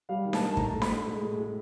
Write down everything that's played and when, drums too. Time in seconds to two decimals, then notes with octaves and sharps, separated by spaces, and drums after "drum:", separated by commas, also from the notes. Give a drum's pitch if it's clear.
0.09 G3 F5
0.25 D#3
0.33 A5, drum: snare D4
0.41 D#3
0.49 A5
0.57 A2 A#5, drum: kick
0.73 A3
0.82 B5, drum: snare D4
0.90 A3
1.06 G#3
1.21 A2
1.38 G#3